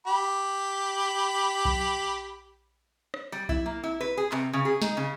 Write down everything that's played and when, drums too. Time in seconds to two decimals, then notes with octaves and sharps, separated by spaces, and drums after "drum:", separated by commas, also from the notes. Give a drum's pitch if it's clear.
0.07 G4 B5
1.65 drum: kick B1
3.14 drum: rim click
3.32 G3
3.49 E4, drum: kick B1
3.66 A#3
3.84 E4
4.01 B4
4.17 G#4
4.32 C3, drum: clap
4.53 C#3
4.65 G#4
4.82 D#4, drum: snare
4.97 C#3